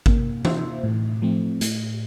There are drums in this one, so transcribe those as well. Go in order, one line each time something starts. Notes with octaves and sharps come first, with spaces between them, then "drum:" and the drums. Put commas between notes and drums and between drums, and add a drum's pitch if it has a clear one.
A#3, drum: kick G#1
F4 C5 E5, drum: tom
A2
F3 A3 C4
A2, drum: hi-hat